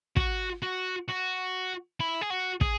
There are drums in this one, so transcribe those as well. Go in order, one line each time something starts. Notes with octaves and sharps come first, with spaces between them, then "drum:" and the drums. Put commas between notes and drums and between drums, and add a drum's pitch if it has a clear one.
F#4, drum: kick
F#4
F#4
E4
G#4
F#4
G#4, drum: kick